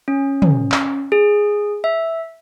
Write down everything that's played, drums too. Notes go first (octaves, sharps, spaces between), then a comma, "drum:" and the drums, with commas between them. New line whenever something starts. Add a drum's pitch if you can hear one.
C#4
drum: tom
drum: clap
G#4
E5